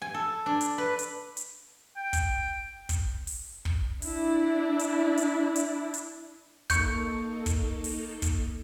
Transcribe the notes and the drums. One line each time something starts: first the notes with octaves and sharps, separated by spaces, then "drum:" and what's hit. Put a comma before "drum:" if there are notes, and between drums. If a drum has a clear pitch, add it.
G#5
A4
D4
drum: hi-hat
B4
drum: hi-hat
drum: hi-hat
G5
drum: kick, hi-hat
drum: kick, hi-hat
drum: open hi-hat
drum: kick
D4 E4, drum: open hi-hat
drum: hi-hat
drum: hi-hat
drum: hi-hat
drum: hi-hat
A#3 D#4 A4 C#6 G6 C#7, drum: kick, hi-hat
drum: kick, hi-hat
drum: open hi-hat
drum: kick, hi-hat